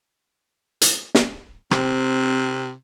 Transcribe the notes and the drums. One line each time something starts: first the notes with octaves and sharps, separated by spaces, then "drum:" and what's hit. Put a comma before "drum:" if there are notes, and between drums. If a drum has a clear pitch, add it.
drum: hi-hat
drum: snare
C3 C4, drum: rim click